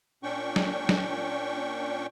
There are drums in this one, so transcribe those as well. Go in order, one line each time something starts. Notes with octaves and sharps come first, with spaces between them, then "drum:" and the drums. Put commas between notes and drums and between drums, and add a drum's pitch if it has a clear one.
A#2 C#4 D4 G5 C#6
drum: snare
drum: snare